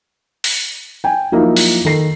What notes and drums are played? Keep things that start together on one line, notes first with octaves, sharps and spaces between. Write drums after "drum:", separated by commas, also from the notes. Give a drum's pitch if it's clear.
drum: open hi-hat
G5 G#5
F3 F#3 A#3 D#4 E4
drum: open hi-hat
D#3 A4 C7